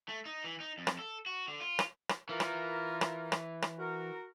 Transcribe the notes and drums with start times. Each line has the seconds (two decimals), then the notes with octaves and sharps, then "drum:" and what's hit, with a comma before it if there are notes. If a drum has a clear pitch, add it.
0.09 A3
0.26 D#4
0.44 E3
0.60 D#4
0.78 F2
0.87 drum: rim click
0.99 A4
1.26 F#4
1.48 D3
1.61 F4
1.79 drum: rim click
2.09 drum: rim click
2.29 E3 F4 A#4
2.40 drum: rim click
3.01 drum: rim click
3.32 drum: rim click
3.62 drum: rim click
3.79 F#4 A#4